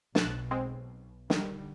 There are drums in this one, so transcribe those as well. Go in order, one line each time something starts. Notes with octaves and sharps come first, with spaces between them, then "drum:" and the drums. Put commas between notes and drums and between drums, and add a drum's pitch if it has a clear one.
B1 B2 A5 F#6, drum: snare
G#3 C4
D3 D#3 G3, drum: snare